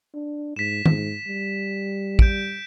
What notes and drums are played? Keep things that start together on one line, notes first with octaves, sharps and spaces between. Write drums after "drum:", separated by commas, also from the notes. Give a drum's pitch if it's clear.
D4
G#2 B6 E7
G#2, drum: tom D#3
G3
G6 D7, drum: kick